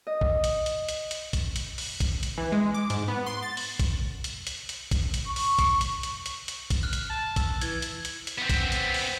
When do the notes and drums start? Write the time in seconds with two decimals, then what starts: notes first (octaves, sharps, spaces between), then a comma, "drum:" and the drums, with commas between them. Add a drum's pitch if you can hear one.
0.07 D#5
0.21 drum: kick
0.44 drum: hi-hat
0.66 drum: hi-hat
0.89 drum: hi-hat
1.11 drum: hi-hat
1.33 drum: kick, hi-hat
1.56 drum: hi-hat
1.78 drum: open hi-hat
2.00 drum: kick, hi-hat
2.23 drum: hi-hat
2.38 E3
2.52 G#3
2.74 D6
2.90 G#2, drum: hi-hat
3.08 B3
3.26 C6
3.42 A6
3.57 drum: open hi-hat
3.80 drum: kick, hi-hat
4.24 drum: hi-hat
4.47 drum: hi-hat
4.69 drum: hi-hat
4.91 drum: kick, hi-hat
5.14 drum: hi-hat
5.26 C#6
5.36 drum: open hi-hat
5.59 drum: kick, hi-hat
5.81 drum: hi-hat
6.03 drum: hi-hat
6.26 drum: hi-hat
6.48 drum: hi-hat
6.70 drum: kick, hi-hat
6.83 F6 F#6
6.93 drum: hi-hat
7.10 A5
7.36 E6, drum: kick, hi-hat
7.61 E3 G#6 G7, drum: hi-hat
7.82 drum: hi-hat
8.05 drum: hi-hat
8.27 drum: hi-hat
8.38 B3 C4
8.50 drum: kick, hi-hat
8.72 drum: hi-hat
8.94 drum: open hi-hat